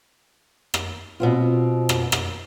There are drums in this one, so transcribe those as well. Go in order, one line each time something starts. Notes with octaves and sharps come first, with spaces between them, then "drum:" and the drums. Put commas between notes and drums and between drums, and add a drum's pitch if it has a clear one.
drum: rim click
B2 C4 F4
drum: rim click
drum: rim click